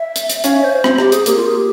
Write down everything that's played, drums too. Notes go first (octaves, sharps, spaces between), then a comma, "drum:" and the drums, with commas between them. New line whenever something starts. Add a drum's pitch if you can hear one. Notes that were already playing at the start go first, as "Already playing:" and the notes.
Already playing: E5
drum: hi-hat
drum: hi-hat
C#4 F5, drum: hi-hat
E5
C5
C5
C4, drum: rim click
G4, drum: rim click
G#4, drum: hi-hat
A#3 G4, drum: hi-hat
F4
G#4
G4